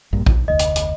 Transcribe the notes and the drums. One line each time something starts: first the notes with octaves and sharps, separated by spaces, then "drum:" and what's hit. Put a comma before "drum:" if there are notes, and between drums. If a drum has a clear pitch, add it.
A#1 G2 A#2
B1, drum: kick A#1
F1 D2 D#5
drum: hi-hat
drum: hi-hat